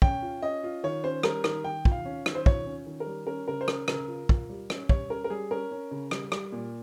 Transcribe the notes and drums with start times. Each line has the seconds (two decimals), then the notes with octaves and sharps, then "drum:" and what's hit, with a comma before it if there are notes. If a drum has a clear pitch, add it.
0.02 C#4 G5, drum: kick
0.22 F4
0.42 C#4 D#5
0.64 F4
0.83 D#3 C#5
1.04 C#4 C5
1.23 G3 A#4, drum: rim click
1.44 D#3 A#4, drum: rim click
1.64 D#3 G5
1.85 F4, drum: kick
1.92 F5
2.05 C#4
2.26 D#3, drum: rim click
2.35 C5
2.46 F4 C#5, drum: kick
2.66 C#4
2.86 D#3
3.00 A#4
3.07 G3
3.27 C#4 A#4
3.48 C#3 A#4
3.61 C5
3.68 C#4 A#4, drum: rim click
3.88 C#3 A#4, drum: rim click
4.08 F4
4.29 F4, drum: kick
4.49 G3
4.70 C#4, drum: rim click
4.89 G3 C#5, drum: kick
5.10 C#4 A#4
5.24 A#4
5.30 G3 G#4
5.51 C#4 A#4
5.71 C#4
5.91 C#3
6.11 G3, drum: rim click
6.32 G3, drum: rim click
6.52 A#2